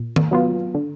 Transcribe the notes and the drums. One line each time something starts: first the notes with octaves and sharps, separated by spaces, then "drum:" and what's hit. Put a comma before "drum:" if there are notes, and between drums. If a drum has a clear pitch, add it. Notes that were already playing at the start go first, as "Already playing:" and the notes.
Already playing: A#2
drum: tom D#3
F#3 B3 F4
D3